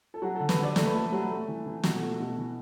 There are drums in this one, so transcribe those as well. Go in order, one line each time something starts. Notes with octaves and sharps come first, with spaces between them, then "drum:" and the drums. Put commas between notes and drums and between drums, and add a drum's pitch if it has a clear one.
A4
F#3 F#4
A4
D3
B4, drum: snare
D3
D5
A3 A4, drum: snare
B4
A3 A4
F#3
A3
E3
E3
B2 F#4, drum: snare
A4
A3 F#4
B2 A4
E3